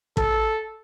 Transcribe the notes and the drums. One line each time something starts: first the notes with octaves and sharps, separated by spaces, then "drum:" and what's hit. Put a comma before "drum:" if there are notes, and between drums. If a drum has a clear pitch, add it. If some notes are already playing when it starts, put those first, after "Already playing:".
A4, drum: kick